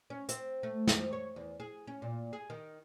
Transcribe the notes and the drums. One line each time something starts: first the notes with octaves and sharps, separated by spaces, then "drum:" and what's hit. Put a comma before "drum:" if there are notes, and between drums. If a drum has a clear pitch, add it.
C#4
C4, drum: hi-hat
A3
F3, drum: snare
C#5
E2
G#4
C#4
A#2
G#4
D#3